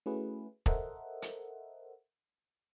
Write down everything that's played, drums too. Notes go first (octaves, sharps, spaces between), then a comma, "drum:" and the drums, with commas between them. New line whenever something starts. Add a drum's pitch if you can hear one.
A3 C#4 E4 F#4 G#4 B4
A4 A#4 C5 D#5 E5 F#5, drum: kick
drum: hi-hat